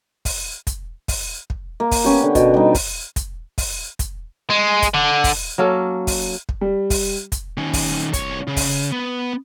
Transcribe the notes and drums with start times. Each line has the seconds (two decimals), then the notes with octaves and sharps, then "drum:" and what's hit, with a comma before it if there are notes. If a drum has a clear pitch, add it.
0.25 drum: kick, open hi-hat
0.67 drum: kick, hi-hat
1.08 drum: kick, open hi-hat
1.50 drum: kick
1.80 A#3
1.91 drum: kick, open hi-hat
2.04 B3 C#4 G4
2.23 D3
2.35 B2, drum: kick, hi-hat
2.54 G3 D#4
2.75 drum: kick, open hi-hat
3.16 drum: kick, hi-hat
3.58 drum: kick, open hi-hat
3.99 drum: kick, hi-hat
4.50 G#3
4.82 drum: kick, hi-hat
4.94 D3
5.24 drum: kick, open hi-hat
5.58 F#3 A#3 C#4 A4
6.07 drum: kick, open hi-hat
6.49 drum: kick
6.61 G3
6.90 drum: kick, open hi-hat
7.32 drum: kick, hi-hat
7.57 D#3 C#4
7.73 drum: kick, open hi-hat
8.13 C2 C#5, drum: kick, hi-hat
8.48 C#3
8.57 drum: kick, open hi-hat
8.92 B3